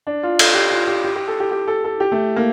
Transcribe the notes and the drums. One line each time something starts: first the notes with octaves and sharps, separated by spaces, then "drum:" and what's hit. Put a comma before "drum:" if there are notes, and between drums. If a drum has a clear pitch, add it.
D4
F4
A4, drum: cymbal
G4
F4
G4
G4
G4
A4
G4
G4
A4
A4
G4
A3
A#3